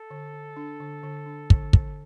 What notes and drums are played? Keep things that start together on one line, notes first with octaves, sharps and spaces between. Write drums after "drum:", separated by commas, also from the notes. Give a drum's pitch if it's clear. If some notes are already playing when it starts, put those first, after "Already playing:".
Already playing: A4
D3
D3
D4
D3
D3
D4
D3, drum: kick
D3, drum: kick